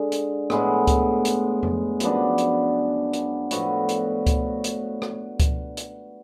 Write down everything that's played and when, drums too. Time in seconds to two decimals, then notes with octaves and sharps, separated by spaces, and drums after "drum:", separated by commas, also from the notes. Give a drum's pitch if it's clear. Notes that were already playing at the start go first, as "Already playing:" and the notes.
Already playing: D3 G#3 D4
0.12 drum: hi-hat
0.50 A2 G#3 B3, drum: rim click
0.87 drum: kick C#2, hi-hat
1.25 drum: hi-hat
1.63 drum: tom F2
2.00 F#2 F3 B3 D4, drum: hi-hat
2.38 drum: hi-hat
3.13 drum: hi-hat
3.51 A2 F3 B3 F#4, drum: hi-hat
3.89 drum: hi-hat
4.27 drum: kick C#2, hi-hat
4.64 drum: hi-hat
5.02 drum: rim click
5.40 drum: kick C#2, hi-hat
5.77 drum: hi-hat